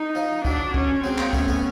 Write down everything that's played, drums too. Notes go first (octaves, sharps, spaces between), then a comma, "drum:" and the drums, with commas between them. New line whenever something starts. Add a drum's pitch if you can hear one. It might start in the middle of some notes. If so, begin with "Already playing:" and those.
Already playing: D#4
F3
F#3 D4, drum: kick
C#4, drum: kick
F#3 G#3 C4
G#3 A#3, drum: clap
A3 B3 C#4, drum: kick
A3 B3, drum: kick